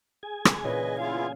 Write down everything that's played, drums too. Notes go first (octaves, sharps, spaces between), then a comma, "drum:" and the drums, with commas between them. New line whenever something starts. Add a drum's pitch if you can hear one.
G#4 G#5
drum: rim click
A#2 C#3 E3 B4 D#5
B3 E4 F4 F5